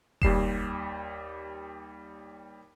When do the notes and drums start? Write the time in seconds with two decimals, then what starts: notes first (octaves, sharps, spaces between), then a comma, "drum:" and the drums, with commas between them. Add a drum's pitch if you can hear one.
0.22 D#2 G3 C7 E7, drum: kick F1